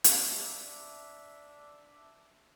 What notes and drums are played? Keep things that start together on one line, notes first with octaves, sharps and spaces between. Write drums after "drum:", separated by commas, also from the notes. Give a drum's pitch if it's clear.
D4 E5, drum: hi-hat